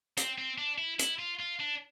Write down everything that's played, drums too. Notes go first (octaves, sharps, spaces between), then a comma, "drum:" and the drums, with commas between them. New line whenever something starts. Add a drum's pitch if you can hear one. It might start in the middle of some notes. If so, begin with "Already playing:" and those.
C4, drum: hi-hat
C4
D4
E4
E4, drum: hi-hat
F4
F4
D4